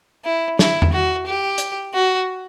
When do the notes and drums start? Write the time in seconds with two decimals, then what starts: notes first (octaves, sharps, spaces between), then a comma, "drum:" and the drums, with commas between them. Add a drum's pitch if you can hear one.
0.25 E4
0.59 E4, drum: snare
0.82 drum: tom E2
0.93 F#4
1.27 G4
1.58 drum: hi-hat
1.94 F#4